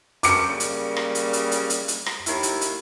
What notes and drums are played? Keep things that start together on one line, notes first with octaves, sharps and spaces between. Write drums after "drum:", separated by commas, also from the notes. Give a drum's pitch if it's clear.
F#2 F3 A4 D6 C#7, drum: hi-hat
C#3 G3 A#3
drum: hi-hat
drum: rim click
drum: hi-hat
drum: hi-hat
drum: hi-hat
drum: hi-hat
drum: hi-hat
drum: rim click
D#2 E4, drum: hi-hat
drum: hi-hat
drum: hi-hat